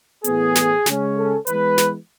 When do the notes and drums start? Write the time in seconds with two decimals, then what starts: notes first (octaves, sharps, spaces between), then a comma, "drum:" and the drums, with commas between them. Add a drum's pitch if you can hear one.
0.24 A2 E3 B3 G#4, drum: hi-hat
0.55 drum: snare
0.86 C#3 G#3 C#4, drum: snare
1.17 A4
1.47 E3 G#3 B3 B4, drum: hi-hat
1.78 drum: snare